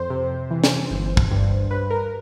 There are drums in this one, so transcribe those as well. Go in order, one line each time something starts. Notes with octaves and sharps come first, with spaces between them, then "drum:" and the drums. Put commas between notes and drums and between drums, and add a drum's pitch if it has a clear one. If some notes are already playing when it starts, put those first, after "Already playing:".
Already playing: F2 C5
C3
E3
drum: snare
G1
drum: kick
G2
G2 B4
A#4